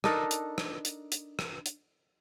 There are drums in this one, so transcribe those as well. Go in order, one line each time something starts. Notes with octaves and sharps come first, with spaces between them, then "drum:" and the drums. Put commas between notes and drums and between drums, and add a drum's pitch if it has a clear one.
D4 D#4 A4 A#4, drum: rim click
drum: hi-hat
drum: rim click
drum: hi-hat
drum: hi-hat
drum: rim click
drum: hi-hat